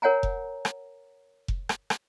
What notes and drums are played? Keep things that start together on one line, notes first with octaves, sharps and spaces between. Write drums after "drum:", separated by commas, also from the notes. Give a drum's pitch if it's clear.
A#4 C#5 F#5 G#5 A#5
drum: kick F1
drum: rim click
drum: kick F1
drum: rim click
drum: rim click